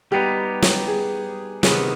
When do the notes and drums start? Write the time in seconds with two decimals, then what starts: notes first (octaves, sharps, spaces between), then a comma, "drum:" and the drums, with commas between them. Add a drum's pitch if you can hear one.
0.12 G3 B3 D#4 G4
0.62 drum: snare
0.88 G#4
1.63 C3 D#3 B3 G#4, drum: snare